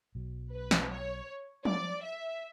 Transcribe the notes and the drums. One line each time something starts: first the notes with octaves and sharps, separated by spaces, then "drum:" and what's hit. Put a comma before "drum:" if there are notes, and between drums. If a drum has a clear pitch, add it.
B1 B2 F#3
B4
drum: snare
C#5
D5, drum: tom F3
E5